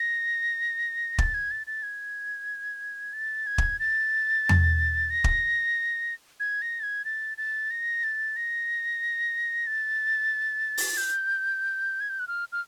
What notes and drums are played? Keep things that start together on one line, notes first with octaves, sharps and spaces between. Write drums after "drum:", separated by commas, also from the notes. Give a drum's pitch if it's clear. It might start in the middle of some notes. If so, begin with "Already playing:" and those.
Already playing: A#6
A6, drum: kick
G#6
A6
A6
G#6
A6
G#6
drum: kick
A6
drum: tom E2
A#6
drum: kick
G#6
A#6
A6
G#6
A6
A6
A#6
A6
A#6
A6
drum: open hi-hat
G6
G#6
G6
F#6
F6
F6